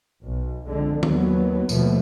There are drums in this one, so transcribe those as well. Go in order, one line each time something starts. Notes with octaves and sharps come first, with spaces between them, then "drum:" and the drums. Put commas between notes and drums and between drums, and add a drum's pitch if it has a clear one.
B1
F2 D3 G#3
D#2 F#3 B3, drum: tom D#3
D#2 B2 F3 A3 B3, drum: tambourine